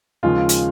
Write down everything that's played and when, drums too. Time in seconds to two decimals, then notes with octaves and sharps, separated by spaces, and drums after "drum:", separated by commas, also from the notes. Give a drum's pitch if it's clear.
0.23 D#2 C#3 F3 G#3 F4
0.49 drum: hi-hat